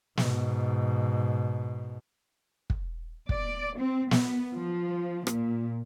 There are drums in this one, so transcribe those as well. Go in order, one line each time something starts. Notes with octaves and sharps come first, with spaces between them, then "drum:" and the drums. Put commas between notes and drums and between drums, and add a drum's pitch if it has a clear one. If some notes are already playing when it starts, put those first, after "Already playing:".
G#2 B2, drum: snare
drum: kick
D5, drum: kick
C4
B3, drum: snare
F3
A#2, drum: rim click